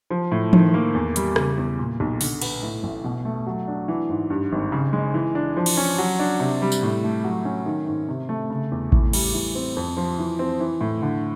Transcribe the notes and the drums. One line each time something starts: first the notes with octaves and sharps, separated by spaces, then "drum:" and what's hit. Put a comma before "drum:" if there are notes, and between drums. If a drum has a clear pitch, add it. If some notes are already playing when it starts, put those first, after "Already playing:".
F3
A2
D#3, drum: tom E3
A#3
E2
G3, drum: hi-hat
C#3, drum: rim click
E2
A#2
B1
D3, drum: open hi-hat
B3, drum: cymbal
A2
A1
B2
A3
F#3
D4
E3
G#2
G2
G#1
C#3
G#3
E3
D4
F3
drum: cymbal
C#4
F#3
D4
C3
G3
drum: tambourine
A2
A3
F#3
C#4
D#3
G#2
C3
A3
C#3
E2
A2, drum: kick A1
G3, drum: cymbal
E3
C4
F2
F3
E3
C4
E3
A2
D3